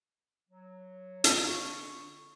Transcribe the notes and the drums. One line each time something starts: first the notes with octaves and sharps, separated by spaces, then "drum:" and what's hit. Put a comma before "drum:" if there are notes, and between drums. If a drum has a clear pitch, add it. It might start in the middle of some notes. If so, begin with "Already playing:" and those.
F#3
D3 C4 F5, drum: hi-hat
C#6